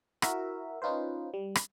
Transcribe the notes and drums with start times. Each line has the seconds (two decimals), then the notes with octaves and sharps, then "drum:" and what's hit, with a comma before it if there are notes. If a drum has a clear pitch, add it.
0.22 E4 F#4 A#4 E5, drum: rim click
0.82 C#4 D#4 F4 B4 C5
1.34 G3
1.55 drum: rim click